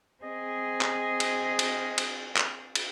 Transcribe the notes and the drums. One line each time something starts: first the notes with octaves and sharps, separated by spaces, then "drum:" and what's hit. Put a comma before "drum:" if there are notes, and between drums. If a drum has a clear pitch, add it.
C4 G#4 D#5
drum: clap
drum: cymbal
drum: cymbal
drum: cymbal
drum: clap
drum: cymbal